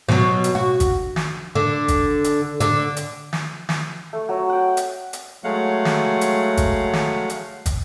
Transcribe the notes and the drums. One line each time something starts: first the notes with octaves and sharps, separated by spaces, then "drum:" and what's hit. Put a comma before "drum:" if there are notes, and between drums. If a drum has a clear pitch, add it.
B2 F#3, drum: snare
drum: hi-hat
F#4
drum: kick, hi-hat
drum: snare
D3
drum: kick, hi-hat
drum: hi-hat
D3, drum: hi-hat
drum: hi-hat
drum: snare
drum: snare
A3
F#3
F#5 G5
drum: hi-hat
drum: hi-hat
F#3 G#3 A3 F5 F#5
drum: snare
drum: hi-hat
drum: kick, hi-hat
drum: snare
drum: hi-hat
drum: kick, hi-hat